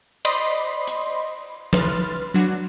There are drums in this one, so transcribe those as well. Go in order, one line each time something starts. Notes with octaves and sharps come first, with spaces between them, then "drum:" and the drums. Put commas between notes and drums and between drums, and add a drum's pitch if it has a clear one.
C5 D5 D#5 B5 C6, drum: cymbal
drum: hi-hat
B4 C6 F6 A6, drum: tom F3
F#3 D4 F#4